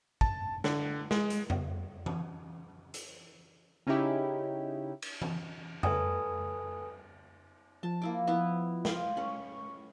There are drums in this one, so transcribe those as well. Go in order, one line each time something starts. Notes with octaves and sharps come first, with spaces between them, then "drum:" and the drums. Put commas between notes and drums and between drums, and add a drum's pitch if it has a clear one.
A5, drum: kick
D3, drum: snare
G#3, drum: snare
drum: hi-hat
drum: tom F2
drum: tom E3
drum: hi-hat
C#3 C#4 D#4 E4 G4
drum: cymbal
drum: tom E3
A4 B4 G#5 D#6, drum: tom F2
F3 A5
A#3 E4 D6
B3 E4 B4
C5 F5 G5, drum: snare
C#4 B5 C#6